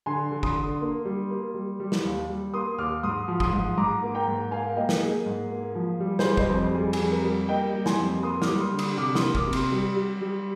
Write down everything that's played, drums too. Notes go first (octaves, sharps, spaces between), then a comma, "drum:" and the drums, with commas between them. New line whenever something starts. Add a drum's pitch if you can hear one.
D3 G#5 C6
D3
C6 D#6, drum: kick
D3
A#3
G3
A#3
G3
G3
drum: snare
D#2
G3
A#3 C6 D#6
D#2 D6 F6
G#2 C6 D#6
F3
C6 D#6, drum: kick
G#2
G#2 A#5 D6
A#3
G5 A#5
G#2
A#3 F5 G#5
A#3 D#5 G5
drum: snare
A#3 G#4
G#2
A#3
F3
G3
G#4 C5, drum: snare
G3
C5 D#5, drum: kick
F2
G3 G#4
G#4, drum: cymbal
F2
A#4
G3
A#3 D#5 G5
G3
G#5 C6, drum: snare
F2
A#3 C6 D#6
D6 F6, drum: snare
G3
C6 D#6
D3
C6 D#6, drum: cymbal
C3 D6 F6
C6 D#6, drum: snare
A#3
D6 F6, drum: kick
C3
C6 D#6, drum: cymbal
G3
G3
G3